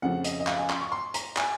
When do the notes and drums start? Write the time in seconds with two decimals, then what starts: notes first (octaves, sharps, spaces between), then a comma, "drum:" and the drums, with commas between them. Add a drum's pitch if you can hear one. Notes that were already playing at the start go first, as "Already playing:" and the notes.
0.02 F2 C#3 F3 F#5
0.24 D#5, drum: hi-hat
0.40 D#5
0.47 F5, drum: clap
0.58 G#5
0.70 C6, drum: clap
0.81 C#6
0.92 C6
1.14 A#5, drum: hi-hat
1.37 G#5, drum: clap